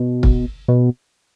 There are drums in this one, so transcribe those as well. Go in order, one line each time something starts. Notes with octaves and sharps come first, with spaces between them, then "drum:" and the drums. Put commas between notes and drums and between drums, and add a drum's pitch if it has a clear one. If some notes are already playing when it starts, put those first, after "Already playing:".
Already playing: B2
drum: kick
B2